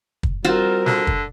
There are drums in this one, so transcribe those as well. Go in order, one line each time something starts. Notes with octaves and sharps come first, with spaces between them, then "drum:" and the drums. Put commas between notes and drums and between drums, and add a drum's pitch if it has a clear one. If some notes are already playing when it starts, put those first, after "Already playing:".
drum: kick
G3 C4 F4 F#4 A#4
D3, drum: snare
drum: kick